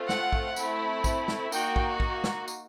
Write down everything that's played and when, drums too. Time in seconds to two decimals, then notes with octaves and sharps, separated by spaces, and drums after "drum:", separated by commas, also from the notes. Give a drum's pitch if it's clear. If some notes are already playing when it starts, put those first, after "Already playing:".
Already playing: A3 C4 F4
0.09 F#5, drum: snare
0.33 drum: kick
0.56 A3 C4 E4, drum: tambourine
1.04 drum: kick, tambourine
1.28 drum: snare
1.52 A#3 D#4 F#4 G5, drum: tambourine
1.76 drum: kick
2.00 drum: kick
2.24 drum: snare
2.48 drum: tambourine